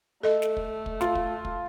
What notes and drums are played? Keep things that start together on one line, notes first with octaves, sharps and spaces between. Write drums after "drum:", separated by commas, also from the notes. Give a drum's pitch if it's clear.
A3 A4 D#5
drum: snare
drum: kick
drum: kick
F4, drum: snare
drum: kick
drum: kick